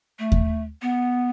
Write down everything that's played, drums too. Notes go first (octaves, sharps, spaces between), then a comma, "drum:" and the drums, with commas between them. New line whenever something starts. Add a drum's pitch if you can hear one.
A3
drum: kick D#2
B3